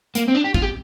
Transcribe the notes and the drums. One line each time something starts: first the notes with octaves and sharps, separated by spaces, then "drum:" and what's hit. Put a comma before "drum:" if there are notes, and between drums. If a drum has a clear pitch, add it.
A#3, drum: hi-hat
C4
D4
G4
F4, drum: kick
G4